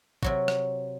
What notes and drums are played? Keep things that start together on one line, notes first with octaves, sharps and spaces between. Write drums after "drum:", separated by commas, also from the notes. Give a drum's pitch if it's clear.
C3 F#3 F#4, drum: kick
drum: rim click